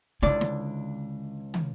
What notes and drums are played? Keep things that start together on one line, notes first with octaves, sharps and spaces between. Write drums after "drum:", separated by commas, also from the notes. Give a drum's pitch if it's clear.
C#2 D3 D4 E4 D5, drum: snare
drum: snare
drum: tom